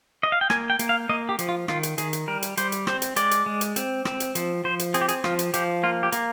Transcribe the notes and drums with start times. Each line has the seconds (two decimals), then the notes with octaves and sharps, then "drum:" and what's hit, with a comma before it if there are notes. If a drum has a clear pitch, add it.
0.23 D#5
0.32 F5
0.41 G5
0.50 A#3 G#5, drum: rim click
0.70 G5
0.79 A#3, drum: hi-hat
0.89 F5
1.09 A#3 D#5
1.29 G4
1.39 F3, drum: hi-hat
1.49 F4
1.68 D#3 F4, drum: rim click
1.83 drum: hi-hat
1.98 D#3 G#4, drum: hi-hat
2.13 drum: hi-hat
2.28 G3 A#4
2.42 drum: hi-hat
2.57 G3 C5, drum: hi-hat
2.72 drum: hi-hat
2.87 C4 C5, drum: rim click
3.02 drum: hi-hat
3.16 G#3 D5, drum: hi-hat
3.31 drum: hi-hat
3.46 G#3
3.61 drum: hi-hat
3.76 C4, drum: hi-hat
4.05 C4, drum: rim click
4.20 drum: hi-hat
4.35 F3, drum: hi-hat
4.64 F3 C5
4.79 drum: hi-hat
4.94 C4 G#4, drum: hi-hat
5.01 G4
5.08 G#4, drum: hi-hat
5.24 F3 F4, drum: rim click
5.39 drum: hi-hat
5.54 F3 G4, drum: hi-hat
5.83 A#3 F4
6.03 G4
6.12 A#3, drum: hi-hat